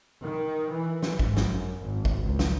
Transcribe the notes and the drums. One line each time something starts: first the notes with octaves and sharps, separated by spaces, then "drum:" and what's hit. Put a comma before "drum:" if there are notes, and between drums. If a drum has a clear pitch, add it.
D#3
E3
drum: snare
G#2, drum: kick G#1
drum: snare
F#2
G#1
drum: kick G#1
C#2
drum: snare